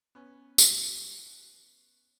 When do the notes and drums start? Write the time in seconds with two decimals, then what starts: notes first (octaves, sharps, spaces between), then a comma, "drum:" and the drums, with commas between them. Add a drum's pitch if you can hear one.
0.15 B3 C#4
0.58 drum: tambourine